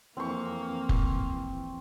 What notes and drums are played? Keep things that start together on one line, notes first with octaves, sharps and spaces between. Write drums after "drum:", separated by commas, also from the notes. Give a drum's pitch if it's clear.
F2 E3 A#3 C4 C#6
drum: kick F1